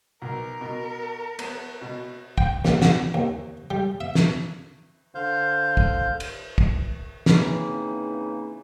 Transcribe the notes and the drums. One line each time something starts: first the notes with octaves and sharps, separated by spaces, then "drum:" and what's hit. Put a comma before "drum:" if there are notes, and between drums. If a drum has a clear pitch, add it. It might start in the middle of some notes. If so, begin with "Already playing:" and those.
B1 A#4
B2
B3, drum: cymbal
B2
G5, drum: kick
D#2, drum: snare
F#4, drum: snare
D#2
G3
E5
drum: snare
D3 C5 F5 G6
drum: kick
drum: cymbal
drum: kick
C#3 E3 A#3 C4 D#4, drum: snare